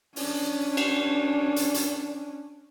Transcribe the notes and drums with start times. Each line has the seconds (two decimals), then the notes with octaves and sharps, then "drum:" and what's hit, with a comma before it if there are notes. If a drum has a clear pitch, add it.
0.16 C#4 D4, drum: open hi-hat
0.77 drum: cymbal
1.56 drum: hi-hat
1.74 drum: hi-hat